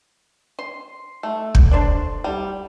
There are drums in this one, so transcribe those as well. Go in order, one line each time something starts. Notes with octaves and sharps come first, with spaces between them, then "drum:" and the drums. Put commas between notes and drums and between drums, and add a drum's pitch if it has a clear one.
C6
A3
drum: kick
D4 C5 D5
G3